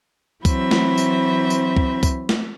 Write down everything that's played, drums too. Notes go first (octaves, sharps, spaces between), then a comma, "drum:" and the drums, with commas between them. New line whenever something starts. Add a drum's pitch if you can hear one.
E3 F#3 C4 C5 E5 B5, drum: kick C2, tambourine
drum: snare
drum: tambourine
drum: tambourine
drum: kick C2
drum: kick C2, tambourine
drum: snare